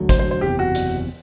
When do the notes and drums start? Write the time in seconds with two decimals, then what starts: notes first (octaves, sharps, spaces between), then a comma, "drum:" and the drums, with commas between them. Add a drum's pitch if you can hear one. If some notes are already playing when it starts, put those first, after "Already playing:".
Already playing: E1 D2 D3 F#3
0.09 C5, drum: kick G#1, hi-hat
0.19 C5
0.31 C5
0.41 F#1 E2 C3 G4
0.59 F#4
0.75 drum: hi-hat